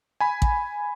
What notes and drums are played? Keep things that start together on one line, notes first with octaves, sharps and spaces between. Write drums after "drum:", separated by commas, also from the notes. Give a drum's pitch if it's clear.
G#5 B5
drum: kick A1